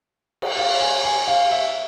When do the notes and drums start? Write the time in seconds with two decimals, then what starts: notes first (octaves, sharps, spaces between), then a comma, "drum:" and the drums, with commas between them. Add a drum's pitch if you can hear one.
0.42 drum: cymbal
0.57 F5
0.81 G#5
1.04 G#5
1.28 F5
1.51 E5